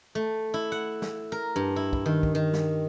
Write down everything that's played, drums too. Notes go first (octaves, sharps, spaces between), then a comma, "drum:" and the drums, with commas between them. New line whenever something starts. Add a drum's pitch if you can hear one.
A3
E4
F#5
drum: snare
A#4
G2
E4
drum: kick
D#3
drum: kick
D#3
drum: snare